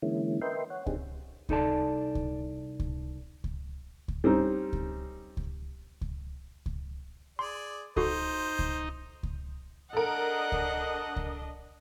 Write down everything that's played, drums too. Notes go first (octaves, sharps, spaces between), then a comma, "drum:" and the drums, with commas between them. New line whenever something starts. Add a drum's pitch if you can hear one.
D3 E3 G#3 A#3 C#4 E4
A#4 B4 D#5 E5 G5 C6
C#5 F#5
C4 D4 D#4 G4 G#4, drum: kick C#2
C2 D#4 A4 D5 A5, drum: kick C#2
drum: kick C#2
drum: kick C#2
drum: kick C#2
drum: kick C#2
G3 C4 C#4 D#4
drum: kick C#2
drum: kick C#2
drum: kick C#2
drum: kick C#2
G#4 D5 C6
D#4 F#4 A4 C5, drum: kick C#2
drum: kick C#2
drum: kick C#2
D4 A4 A#4 D#5 F#5
drum: kick C#2
drum: kick C#2